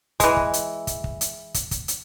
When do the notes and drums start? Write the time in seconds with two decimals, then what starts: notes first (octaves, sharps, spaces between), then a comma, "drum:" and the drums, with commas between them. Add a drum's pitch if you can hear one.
0.20 E3 G#3, drum: kick, hi-hat
0.37 drum: kick
0.53 drum: hi-hat
0.87 drum: kick, hi-hat
1.04 drum: kick
1.21 drum: hi-hat
1.54 drum: kick, hi-hat
1.71 drum: kick, hi-hat
1.88 drum: hi-hat